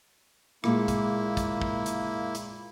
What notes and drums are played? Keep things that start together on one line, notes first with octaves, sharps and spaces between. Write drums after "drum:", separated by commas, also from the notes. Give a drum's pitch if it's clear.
A#2 G#3 A#3 E4, drum: rim click
drum: kick, hi-hat
drum: kick, hi-hat
drum: kick
drum: hi-hat
drum: hi-hat